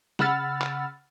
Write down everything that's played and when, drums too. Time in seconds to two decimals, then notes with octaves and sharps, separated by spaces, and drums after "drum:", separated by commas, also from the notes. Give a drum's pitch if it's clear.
0.19 C#3 F#5 B5 E6 F6 A6, drum: snare
0.61 drum: clap